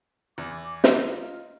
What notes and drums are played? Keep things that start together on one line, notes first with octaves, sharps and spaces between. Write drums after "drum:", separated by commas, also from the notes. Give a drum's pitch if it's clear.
E2 D6
drum: snare
D#4 F4